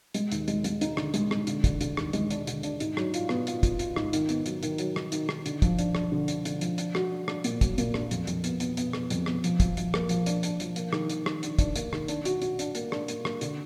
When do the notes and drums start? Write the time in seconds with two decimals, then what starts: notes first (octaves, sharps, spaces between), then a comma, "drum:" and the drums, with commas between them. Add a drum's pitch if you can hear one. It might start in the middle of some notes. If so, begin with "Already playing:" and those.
0.14 G#3, drum: hi-hat
0.32 D#2, drum: hi-hat
0.48 G#3, drum: hi-hat
0.64 G#3, drum: hi-hat
0.81 D#4, drum: hi-hat
0.97 D3, drum: rim click
1.14 G#3, drum: hi-hat
1.31 G#3, drum: rim click
1.47 D3, drum: hi-hat
1.64 D3, drum: kick, hi-hat
1.81 D3, drum: hi-hat
1.97 D#2, drum: rim click
2.13 G#3, drum: hi-hat
2.30 D4, drum: hi-hat
2.47 D3, drum: hi-hat
2.63 D4, drum: hi-hat
2.80 G#2, drum: hi-hat
2.97 F#3, drum: rim click
3.14 F4, drum: hi-hat
3.29 B3, drum: rim click
3.47 F4, drum: hi-hat
3.63 F4, drum: kick, hi-hat
3.79 F4, drum: hi-hat
3.96 G#2, drum: rim click
4.13 D#3, drum: hi-hat
4.29 B3, drum: hi-hat
4.46 F#3, drum: hi-hat
4.63 D#3, drum: hi-hat
4.78 F#3, drum: hi-hat
4.96 D#3, drum: rim click
5.12 D#3, drum: hi-hat
5.29 D#3, drum: rim click
5.46 D3, drum: hi-hat
5.62 F3, drum: kick, hi-hat
5.79 D4, drum: hi-hat
5.95 D4, drum: rim click
6.12 D3
6.28 D4, drum: hi-hat
6.45 D3, drum: hi-hat
6.61 F3, drum: hi-hat
6.78 D4, drum: hi-hat
6.95 F#4, drum: rim click
7.12 D4
7.28 D4, drum: rim click
7.44 A#2, drum: hi-hat
7.61 F#3, drum: kick, hi-hat
7.78 A#2, drum: hi-hat
7.94 D4, drum: rim click
8.11 F2, drum: hi-hat
8.27 F2, drum: hi-hat
8.44 B3, drum: hi-hat
8.60 B3, drum: hi-hat
8.77 B3, drum: hi-hat
8.93 B3, drum: rim click
9.10 F2, drum: hi-hat
9.26 B3, drum: rim click
9.44 F3, drum: hi-hat
9.60 F3, drum: kick, hi-hat
9.77 F3, drum: hi-hat
9.94 A#3, drum: rim click
10.09 F3, drum: hi-hat
10.26 D4, drum: hi-hat
10.43 D4, drum: hi-hat
10.60 F3, drum: hi-hat
10.76 A#3, drum: hi-hat
10.93 D#3, drum: rim click
11.10 D#3, drum: hi-hat
11.26 D#3, drum: rim click
11.43 D4, drum: hi-hat
11.59 D4, drum: kick, hi-hat
11.76 A#3, drum: hi-hat
11.93 D#3, drum: rim click
12.08 D4, drum: hi-hat
12.25 F#4, drum: hi-hat
12.42 F#4, drum: hi-hat
12.59 D4, drum: hi-hat
12.75 A#3, drum: hi-hat
12.92 D4, drum: rim click
13.08 A#3, drum: hi-hat
13.25 A#3, drum: rim click
13.41 D3, drum: hi-hat